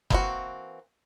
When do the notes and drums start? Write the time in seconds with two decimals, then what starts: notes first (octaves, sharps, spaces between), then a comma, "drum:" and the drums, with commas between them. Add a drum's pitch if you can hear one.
0.10 E3 A#3 C4 D#4 F#4, drum: kick F#1